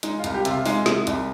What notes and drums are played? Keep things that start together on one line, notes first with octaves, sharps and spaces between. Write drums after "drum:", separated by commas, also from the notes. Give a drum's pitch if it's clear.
G#3 D#4, drum: hi-hat
F4
C2, drum: hi-hat
G4
C3 F4, drum: hi-hat
G#3 D#4, drum: open hi-hat
C3, drum: snare
C2, drum: hi-hat